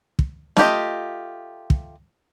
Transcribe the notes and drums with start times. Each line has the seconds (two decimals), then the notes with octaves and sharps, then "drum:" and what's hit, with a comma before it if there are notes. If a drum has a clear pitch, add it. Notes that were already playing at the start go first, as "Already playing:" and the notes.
0.19 drum: kick
0.57 A3 F4 G4 D#5, drum: snare
1.70 drum: kick